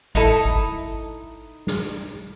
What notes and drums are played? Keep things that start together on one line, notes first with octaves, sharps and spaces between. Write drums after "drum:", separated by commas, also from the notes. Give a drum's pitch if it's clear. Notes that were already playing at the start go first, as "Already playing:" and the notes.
D#4 E4 A4, drum: kick G#1
drum: kick G#1
drum: snare